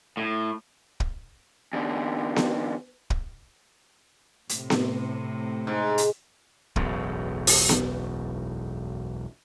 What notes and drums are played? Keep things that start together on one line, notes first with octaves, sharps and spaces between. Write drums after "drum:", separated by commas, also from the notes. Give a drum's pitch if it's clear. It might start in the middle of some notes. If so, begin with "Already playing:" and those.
A2
drum: kick
E2 D3
drum: snare B3
drum: kick
A2 C3, drum: hi-hat
drum: snare B3
G#2
drum: hi-hat
E1 B1 F#2 A2, drum: kick
drum: open hi-hat
drum: snare B3